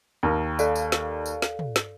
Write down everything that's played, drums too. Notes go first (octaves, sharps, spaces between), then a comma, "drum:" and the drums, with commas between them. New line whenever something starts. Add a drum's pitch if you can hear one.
D#2 A#4
A4 D5 F5, drum: tambourine
drum: tambourine
drum: snare
drum: tambourine
drum: snare
drum: tom
drum: snare